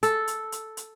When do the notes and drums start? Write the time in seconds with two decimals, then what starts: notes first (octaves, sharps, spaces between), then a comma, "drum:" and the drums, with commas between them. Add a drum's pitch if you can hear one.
0.03 A4, drum: hi-hat
0.28 drum: hi-hat
0.52 drum: hi-hat
0.77 drum: hi-hat